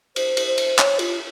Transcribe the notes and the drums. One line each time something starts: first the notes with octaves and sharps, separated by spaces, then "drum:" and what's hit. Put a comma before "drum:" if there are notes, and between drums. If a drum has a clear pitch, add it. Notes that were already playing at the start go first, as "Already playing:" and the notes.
C5, drum: cymbal
drum: cymbal
C5
drum: cymbal
C#5, drum: clap
F4, drum: cymbal